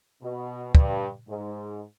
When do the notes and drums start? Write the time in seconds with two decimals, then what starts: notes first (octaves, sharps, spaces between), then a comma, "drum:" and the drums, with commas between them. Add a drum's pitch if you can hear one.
0.22 B2
0.75 G2, drum: kick
1.29 G#2